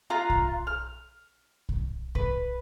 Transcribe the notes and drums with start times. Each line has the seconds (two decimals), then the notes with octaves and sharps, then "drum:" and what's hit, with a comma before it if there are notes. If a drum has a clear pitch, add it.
0.10 F4 F5 A#5 F#6
0.30 drum: kick B1
0.67 F6
1.69 drum: kick B1
2.15 B4, drum: kick B1